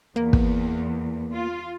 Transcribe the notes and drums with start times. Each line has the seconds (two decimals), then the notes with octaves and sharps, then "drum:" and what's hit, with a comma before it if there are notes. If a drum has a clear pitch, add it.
0.16 E2 A#3
0.33 drum: kick
1.33 F4